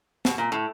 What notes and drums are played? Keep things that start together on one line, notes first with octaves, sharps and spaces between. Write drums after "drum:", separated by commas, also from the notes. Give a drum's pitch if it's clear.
B2, drum: snare
A#2
A2